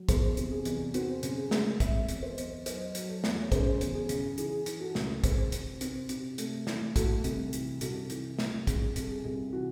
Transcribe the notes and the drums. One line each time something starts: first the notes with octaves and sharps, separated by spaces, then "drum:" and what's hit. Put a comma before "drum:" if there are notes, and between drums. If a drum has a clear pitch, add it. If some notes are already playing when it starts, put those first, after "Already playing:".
Already playing: F#3
E2 G#4 C5, drum: kick, hi-hat
C3, drum: hi-hat
G#4
E2, drum: hi-hat
C4 F#4, drum: hi-hat
C#3, drum: hi-hat
G#4
G#3, drum: snare
C4 C#5 E5, drum: kick, hi-hat
E2, drum: hi-hat
C5 D#5
E2, drum: hi-hat
F#3 C5 D#5, drum: hi-hat
F#3, drum: hi-hat
A4 C#5
E2, drum: snare
C#5
C#3 G#4 C5, drum: kick, hi-hat
E2, drum: hi-hat
G#4
C#3, drum: hi-hat
E3 G#4, drum: hi-hat
E3, drum: hi-hat
F#4 A4
C#2, drum: snare
C4 G#4 C5, drum: kick, hi-hat
C3, drum: hi-hat
C4, drum: hi-hat
C3, drum: hi-hat
A3, drum: hi-hat
E3, drum: snare
A3 F#4 A4, drum: kick, hi-hat
C2, drum: hi-hat
E3, drum: hi-hat
C2 F#4 A4, drum: hi-hat
E3, drum: hi-hat
C2, drum: snare
C2 G#4, drum: kick, hi-hat
C2 A4, drum: hi-hat
G#4
C2
E3 F#4